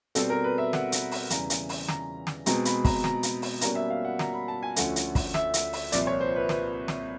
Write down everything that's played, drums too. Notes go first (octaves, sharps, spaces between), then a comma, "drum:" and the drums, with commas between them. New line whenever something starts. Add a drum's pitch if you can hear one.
B2 G3 C4 A4, drum: hi-hat
A#4
B4
E5
F#5, drum: snare
drum: hi-hat
drum: open hi-hat
E2 C#3 E3 G3 A#5, drum: hi-hat
drum: hi-hat
drum: open hi-hat
A#5, drum: snare
drum: snare
B2 G#3 C4 A#5, drum: hi-hat
B5, drum: hi-hat
A#5, drum: kick, open hi-hat
A#5, drum: snare
drum: hi-hat
drum: open hi-hat
B2 G3 A#3 C#4 A#5, drum: hi-hat
E5
F5
F#5
A#5, drum: snare
B5
A5
G#5
D2 D3 F3 A3 C#4 F#5, drum: hi-hat
drum: hi-hat
drum: kick, open hi-hat
E5, drum: snare
drum: hi-hat
drum: open hi-hat
C2 A#2 F3 D5, drum: hi-hat
C#5
C5
B4
B4, drum: snare
drum: snare